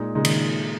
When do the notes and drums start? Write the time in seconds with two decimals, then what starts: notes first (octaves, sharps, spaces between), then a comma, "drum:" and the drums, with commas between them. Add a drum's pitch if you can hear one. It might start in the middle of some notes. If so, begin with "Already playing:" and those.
Already playing: A#2 G#3 D#4
0.15 A#2 C#3 G#3 D#4
0.25 D#3, drum: cymbal